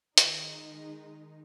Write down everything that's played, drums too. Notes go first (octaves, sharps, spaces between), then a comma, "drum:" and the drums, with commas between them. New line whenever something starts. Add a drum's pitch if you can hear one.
D#3 G#3 D#4, drum: hi-hat